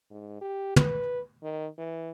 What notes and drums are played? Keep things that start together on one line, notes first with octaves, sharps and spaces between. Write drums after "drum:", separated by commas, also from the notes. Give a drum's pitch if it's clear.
G#2
G4
B4, drum: tom
D#3
E3